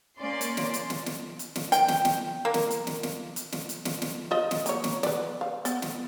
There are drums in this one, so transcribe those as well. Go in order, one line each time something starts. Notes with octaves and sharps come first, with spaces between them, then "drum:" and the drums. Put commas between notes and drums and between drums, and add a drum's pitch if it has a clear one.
A#3 C#4 D5 C6
drum: hi-hat
drum: snare
drum: hi-hat
drum: snare
drum: snare
drum: hi-hat
drum: snare
G5, drum: hi-hat
drum: snare
drum: snare
A#3
drum: snare
drum: hi-hat
drum: snare
drum: snare
drum: hi-hat
drum: snare
drum: hi-hat
drum: snare
drum: snare
F4 D#5
drum: snare
A#3 C#5, drum: hi-hat
drum: snare
B4 D5, drum: snare
F5
B3, drum: hi-hat
drum: snare